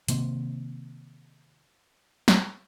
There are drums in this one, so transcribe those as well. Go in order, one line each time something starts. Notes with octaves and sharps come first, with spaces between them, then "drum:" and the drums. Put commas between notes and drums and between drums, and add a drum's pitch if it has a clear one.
C3 D#3 A#3 C4, drum: hi-hat
drum: snare